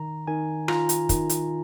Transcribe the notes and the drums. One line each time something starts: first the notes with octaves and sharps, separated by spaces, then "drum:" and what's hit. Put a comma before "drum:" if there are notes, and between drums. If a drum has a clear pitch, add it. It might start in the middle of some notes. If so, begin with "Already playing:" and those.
Already playing: D#3 A#5
D#3 G#5
F4 A#5, drum: rim click
drum: hi-hat
D#3, drum: kick, hi-hat
drum: hi-hat